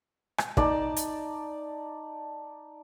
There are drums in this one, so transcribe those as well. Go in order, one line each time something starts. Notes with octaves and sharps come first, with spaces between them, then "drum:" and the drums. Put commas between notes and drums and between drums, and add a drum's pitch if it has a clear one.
drum: rim click
D#4 D5 A5, drum: kick
drum: hi-hat